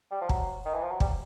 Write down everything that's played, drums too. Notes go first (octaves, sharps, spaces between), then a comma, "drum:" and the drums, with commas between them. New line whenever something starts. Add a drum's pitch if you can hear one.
G3
F3
F#3, drum: kick
D#3
E3
F3
F#3
G3, drum: kick